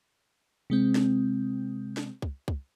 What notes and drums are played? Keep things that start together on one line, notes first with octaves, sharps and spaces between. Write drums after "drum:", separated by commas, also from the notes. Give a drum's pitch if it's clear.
C3 G#3 C4
drum: snare
drum: snare
drum: kick
drum: kick